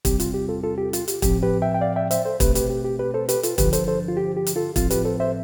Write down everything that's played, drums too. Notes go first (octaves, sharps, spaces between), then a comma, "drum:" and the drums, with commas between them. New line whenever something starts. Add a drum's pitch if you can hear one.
E2 C3 G3 C4 G4, drum: kick, hi-hat
F4, drum: hi-hat
G4
F4 A4
F4 A4
G4
F4, drum: hi-hat
G4, drum: hi-hat
A2 F3 C4 G4, drum: kick, hi-hat
G4 B4
E5 G5
G5
D5 F5
E5 G5
C5 E5, drum: hi-hat
A4 C5
B2 A3 C4 G4 B4, drum: kick, hi-hat
G4 B4, drum: hi-hat
G4
G4
G4 B4
A4 C5
G4 B4, drum: hi-hat
F4 A4, drum: hi-hat
G2 D3 F3 G4 B4, drum: kick, hi-hat
A4 C5, drum: hi-hat
A4 C5
F4
G4
G4
drum: hi-hat
F4 A4
A2 F3 C4 F4, drum: kick, hi-hat
G4 B4, drum: hi-hat
A4 C5
C5 E5